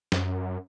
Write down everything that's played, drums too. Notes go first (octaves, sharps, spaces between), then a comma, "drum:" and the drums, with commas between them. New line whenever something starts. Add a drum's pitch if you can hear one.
F#2, drum: snare